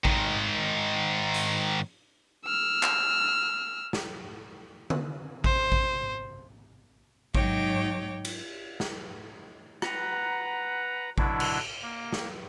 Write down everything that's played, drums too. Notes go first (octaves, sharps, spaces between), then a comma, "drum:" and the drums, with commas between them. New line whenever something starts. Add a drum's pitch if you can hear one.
G#2 D#3, drum: kick A1
drum: hi-hat
E6 F6
drum: clap
drum: snare
drum: tom D3
C5, drum: kick A1
drum: kick A1
G#2 F#3 D#4 C#5 G5 D6, drum: kick A1
drum: cymbal
drum: snare
B4 F#5 A#5, drum: rim click
B2 D3 F#3 D4 E4, drum: kick A1
drum: cymbal
A#3
drum: snare